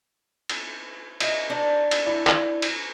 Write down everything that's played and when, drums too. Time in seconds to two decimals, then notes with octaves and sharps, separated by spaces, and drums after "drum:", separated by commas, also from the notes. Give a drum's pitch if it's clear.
0.49 drum: cymbal
1.20 D#5 E5, drum: cymbal
1.50 D4
1.91 drum: cymbal
2.06 E4 D5
2.27 drum: clap
2.62 drum: cymbal